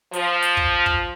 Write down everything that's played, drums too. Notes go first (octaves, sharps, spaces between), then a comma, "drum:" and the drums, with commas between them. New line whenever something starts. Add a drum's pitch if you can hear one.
F3, drum: hi-hat
drum: hi-hat
drum: kick
drum: kick